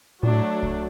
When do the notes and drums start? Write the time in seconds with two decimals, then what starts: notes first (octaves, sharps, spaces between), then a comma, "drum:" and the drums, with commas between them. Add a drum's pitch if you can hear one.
0.23 A#2 F#3 A3 D4
0.32 A2
0.63 drum: kick C2